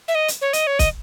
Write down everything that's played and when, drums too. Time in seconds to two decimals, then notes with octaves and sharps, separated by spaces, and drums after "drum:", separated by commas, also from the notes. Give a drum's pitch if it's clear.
0.08 E5
0.15 D#5
0.28 drum: hi-hat
0.41 C#5
0.53 D#5, drum: hi-hat
0.67 C#5
0.79 D#5, drum: kick, hi-hat